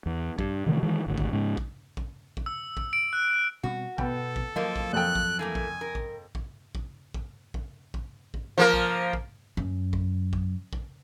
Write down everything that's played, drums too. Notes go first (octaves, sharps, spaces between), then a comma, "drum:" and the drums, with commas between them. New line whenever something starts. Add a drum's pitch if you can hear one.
E2
G2, drum: kick A#1
C3 D#3 E3 A3
D#3 E3 G#3
G#1 D2
drum: kick A#1
G#2 C#3
drum: kick A#1
drum: kick A#1
drum: kick A#1
E6
drum: kick A#1
D7
F#6
B2 G3 C4 F#4
B2 B3 A4 G5, drum: kick A#1
drum: kick A#1
F3 F#3 A#3 D#5
drum: kick A#1
F2 A4 G5 F#6
drum: kick A#1
E3 A3 A#3 G#5
drum: kick A#1
A#4
drum: kick A#1
drum: kick A#1
drum: kick A#1
drum: kick A#1
drum: kick A#1
drum: kick A#1
drum: kick A#1
F3 A#3 A#4
drum: kick A#1
drum: kick A#1
F#2
drum: kick A#1
drum: kick A#1
drum: kick A#1